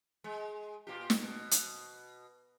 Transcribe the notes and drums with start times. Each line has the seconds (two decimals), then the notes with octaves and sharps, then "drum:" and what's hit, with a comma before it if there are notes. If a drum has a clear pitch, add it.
0.24 G#3
0.87 A#2 F4 G4
1.10 drum: snare
1.23 B2
1.51 drum: hi-hat